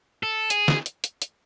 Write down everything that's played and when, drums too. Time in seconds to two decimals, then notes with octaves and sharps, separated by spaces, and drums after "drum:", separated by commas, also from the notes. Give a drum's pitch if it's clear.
0.23 A4
0.50 G#4, drum: hi-hat
0.68 drum: snare
0.86 drum: hi-hat
1.04 drum: hi-hat
1.22 drum: hi-hat